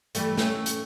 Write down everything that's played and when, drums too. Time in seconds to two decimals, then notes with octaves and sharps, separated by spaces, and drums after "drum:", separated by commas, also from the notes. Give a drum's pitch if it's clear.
0.15 E3 G3 A3, drum: hi-hat
0.37 A3 C#4, drum: snare
0.66 drum: hi-hat